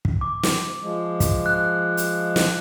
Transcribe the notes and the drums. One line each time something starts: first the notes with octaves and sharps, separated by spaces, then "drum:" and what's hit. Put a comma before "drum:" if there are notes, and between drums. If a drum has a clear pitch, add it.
drum: kick
D6
drum: snare
F3 G#3
drum: kick, hi-hat
F#6
drum: hi-hat
drum: snare